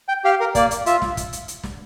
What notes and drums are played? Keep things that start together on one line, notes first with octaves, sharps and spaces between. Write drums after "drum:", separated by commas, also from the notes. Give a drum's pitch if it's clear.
G5
G4 F5
A#4
A#3 D5, drum: kick, hi-hat
drum: hi-hat
F4 E5, drum: hi-hat
drum: snare
drum: kick, hi-hat
drum: hi-hat
drum: hi-hat
drum: snare